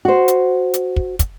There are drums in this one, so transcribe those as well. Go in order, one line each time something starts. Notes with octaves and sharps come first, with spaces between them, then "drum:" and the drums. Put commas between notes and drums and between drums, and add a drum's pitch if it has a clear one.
F#4 C5
drum: hi-hat
drum: hi-hat
drum: kick
drum: kick, hi-hat